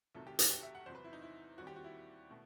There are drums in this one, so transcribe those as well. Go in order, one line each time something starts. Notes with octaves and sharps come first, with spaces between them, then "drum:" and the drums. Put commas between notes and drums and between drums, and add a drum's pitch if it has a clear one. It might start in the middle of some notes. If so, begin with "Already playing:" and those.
C2 C3 D#3 F#3 A3 A4
G4
F#4, drum: hi-hat
G4
E5
F#5
E2 C3 F#3 C5
B4
E4
D#4
E4
D#2 D#3 G3 C4 F#4
G4
F#4
E4
B2 A3